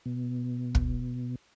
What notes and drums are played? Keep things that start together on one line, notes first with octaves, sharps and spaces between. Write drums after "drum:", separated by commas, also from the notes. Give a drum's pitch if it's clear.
B2
drum: kick